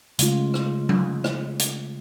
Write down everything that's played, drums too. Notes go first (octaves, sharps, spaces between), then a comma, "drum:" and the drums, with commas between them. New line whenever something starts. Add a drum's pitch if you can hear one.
C#3 G#3 A3 F4, drum: hi-hat
drum: rim click
drum: tom F#3
drum: rim click
drum: hi-hat